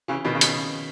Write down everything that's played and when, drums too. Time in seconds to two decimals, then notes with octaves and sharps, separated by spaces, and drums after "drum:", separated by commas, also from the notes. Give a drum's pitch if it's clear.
0.08 C#3 E3
0.25 B2 D#3
0.35 C#3
0.41 B2, drum: hi-hat